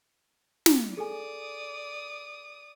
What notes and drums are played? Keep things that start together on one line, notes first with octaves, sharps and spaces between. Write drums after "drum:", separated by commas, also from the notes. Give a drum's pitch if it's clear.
drum: snare
G#4 A4 D5 G#5 D#6